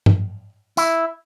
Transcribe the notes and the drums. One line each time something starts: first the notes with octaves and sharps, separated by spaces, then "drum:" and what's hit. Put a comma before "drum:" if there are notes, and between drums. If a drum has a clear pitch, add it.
drum: tom G2
E4, drum: tambourine